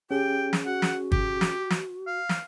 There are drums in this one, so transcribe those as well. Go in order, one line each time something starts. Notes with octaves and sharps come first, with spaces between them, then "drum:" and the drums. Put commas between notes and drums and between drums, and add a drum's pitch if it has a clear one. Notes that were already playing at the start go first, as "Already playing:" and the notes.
C#4 G4 G#4 G5
drum: snare
F#4 F#5
drum: snare
G4, drum: kick
drum: snare
drum: snare
F5
drum: snare